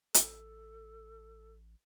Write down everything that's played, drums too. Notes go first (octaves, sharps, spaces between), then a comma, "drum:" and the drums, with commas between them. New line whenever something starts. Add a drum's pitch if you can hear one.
A1 A4, drum: hi-hat